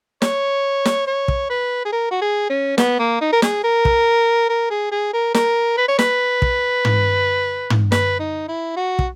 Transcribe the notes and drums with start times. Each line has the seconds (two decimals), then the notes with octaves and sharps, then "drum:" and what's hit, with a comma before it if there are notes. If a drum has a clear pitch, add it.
0.22 C#5, drum: snare
0.85 drum: snare
1.07 C#5
1.28 drum: kick
1.50 B4
1.85 G#4
1.93 A#4
2.11 F#4
2.22 G#4
2.50 C#4
2.78 B3, drum: snare
2.99 A#3
3.21 D#4
3.33 A#4
3.42 G#4, drum: snare
3.64 A#4
3.85 drum: kick
4.49 A#4
4.70 G#4
4.92 G#4
5.13 A#4
5.34 A#4, drum: snare
5.78 B4
5.88 C#5
5.99 B4, drum: snare
6.42 drum: kick
6.85 drum: tom
7.70 drum: tom
7.92 B4, drum: snare
8.20 D#4
8.48 E4
8.77 F#4
8.99 drum: kick